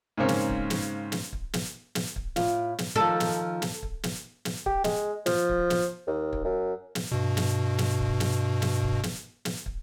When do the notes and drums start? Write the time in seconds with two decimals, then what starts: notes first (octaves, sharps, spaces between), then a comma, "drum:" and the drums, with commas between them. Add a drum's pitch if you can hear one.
0.17 G#2 C#3 A#3 C4 C#4
0.28 drum: snare
0.49 drum: kick
0.70 drum: snare
1.12 drum: snare
1.33 drum: kick
1.53 drum: snare
1.95 drum: snare
2.16 drum: kick
2.36 A2 F4, drum: snare
2.78 drum: snare
2.96 D#3 F3 A4
3.20 drum: snare
3.62 drum: snare
3.83 drum: kick
4.03 drum: snare
4.45 drum: snare
4.66 G4, drum: kick
4.84 G#3, drum: snare
5.26 F3, drum: snare
5.49 drum: kick
5.70 drum: snare
6.07 D#2
6.33 drum: kick
6.45 F#2
6.95 drum: snare
7.12 G2 B2
7.37 drum: snare
7.78 drum: snare
7.99 drum: kick
8.20 drum: snare
8.62 drum: snare
8.83 drum: kick
9.03 drum: snare
9.45 drum: snare
9.66 drum: kick